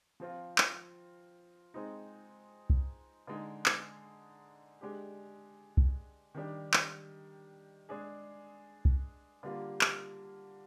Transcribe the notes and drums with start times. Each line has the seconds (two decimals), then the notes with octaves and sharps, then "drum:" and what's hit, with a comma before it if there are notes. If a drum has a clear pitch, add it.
0.20 F3 C4 F4
0.58 drum: clap
1.74 G#3 C4 D#4
2.70 drum: kick C2
3.27 D3 G#3 D#4 G#4
3.66 drum: clap
4.81 G#3 D4 G4
5.77 drum: kick C2
6.34 D#3 G3 D4 G4
6.74 drum: clap
7.89 G#3 D4 G#4
8.85 drum: kick C2
9.43 D3 G3 A#3 F4
9.81 drum: clap